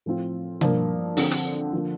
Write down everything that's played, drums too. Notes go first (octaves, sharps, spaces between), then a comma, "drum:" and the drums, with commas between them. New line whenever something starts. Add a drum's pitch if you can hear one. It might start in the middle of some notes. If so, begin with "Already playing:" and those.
A2 F3 C4 F4
G2 F3 A#3, drum: tom B2
D3 F3 C4, drum: open hi-hat
drum: snare
D3 F3 A#3 F4